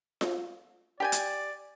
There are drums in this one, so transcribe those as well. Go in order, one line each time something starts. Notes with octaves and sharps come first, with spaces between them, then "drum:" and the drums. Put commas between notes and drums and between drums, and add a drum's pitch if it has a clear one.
drum: snare F4
G4 D5 G5 G#5
drum: hi-hat